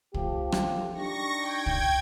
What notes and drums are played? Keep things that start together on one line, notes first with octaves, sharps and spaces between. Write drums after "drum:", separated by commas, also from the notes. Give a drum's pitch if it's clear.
F3 A3 G4, drum: kick
drum: rim click
D4 D#4 G4 C#6 A#6
G5 G#6
drum: kick